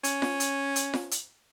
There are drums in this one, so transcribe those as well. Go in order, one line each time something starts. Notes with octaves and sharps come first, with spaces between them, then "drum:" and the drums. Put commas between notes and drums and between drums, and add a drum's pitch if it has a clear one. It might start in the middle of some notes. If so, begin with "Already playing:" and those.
C#4, drum: hi-hat
drum: snare F4
drum: hi-hat
drum: hi-hat
drum: snare F4
drum: hi-hat